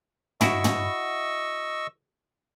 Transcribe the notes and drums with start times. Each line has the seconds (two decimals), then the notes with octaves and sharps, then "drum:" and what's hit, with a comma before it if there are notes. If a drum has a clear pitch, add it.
0.41 E4 F#4 D#5 C#6 E6, drum: tom
0.64 drum: tom